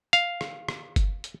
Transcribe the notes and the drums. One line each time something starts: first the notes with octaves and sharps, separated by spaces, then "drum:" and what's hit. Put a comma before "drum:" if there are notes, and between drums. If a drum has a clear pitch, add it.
F5, drum: hi-hat
drum: rim click
drum: rim click
drum: kick F#1, hi-hat
drum: hi-hat